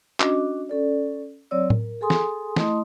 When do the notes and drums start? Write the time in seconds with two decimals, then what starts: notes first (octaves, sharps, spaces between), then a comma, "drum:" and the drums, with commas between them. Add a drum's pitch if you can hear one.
0.20 C#4 D4 F#4 D#5 D6, drum: clap
0.69 C#4 A4 D5
1.51 F#3 C4 C#5 D5 E6
1.70 A#4, drum: tom A2
2.01 G#4 A4 G#5 C6 D#6
2.10 drum: snare
2.56 A3 E4 D#5 C6 D#6, drum: snare